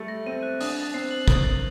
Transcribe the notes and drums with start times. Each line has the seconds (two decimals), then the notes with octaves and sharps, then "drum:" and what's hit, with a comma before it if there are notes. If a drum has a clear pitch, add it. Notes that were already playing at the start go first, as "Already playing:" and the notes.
Already playing: G3 A3
0.08 A#6
0.26 C4 D#7
0.43 F#6
0.61 D4 D#6, drum: open hi-hat
0.77 A6
0.94 C4 C7
1.11 F#7
1.28 A#3 D#6, drum: kick, hi-hat
1.44 A6